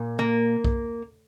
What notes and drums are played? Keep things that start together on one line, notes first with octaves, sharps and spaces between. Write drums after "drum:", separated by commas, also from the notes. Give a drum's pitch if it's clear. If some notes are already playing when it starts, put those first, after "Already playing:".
Already playing: A#2
A#3
drum: kick B1